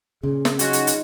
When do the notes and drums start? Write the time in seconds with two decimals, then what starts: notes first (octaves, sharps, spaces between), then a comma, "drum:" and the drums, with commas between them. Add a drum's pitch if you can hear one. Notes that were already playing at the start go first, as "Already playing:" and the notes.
0.23 A#2 C#3 G#4
0.45 drum: snare
0.59 F#3 C#4 D#4 F4 F#4, drum: hi-hat
0.73 drum: hi-hat
0.87 drum: hi-hat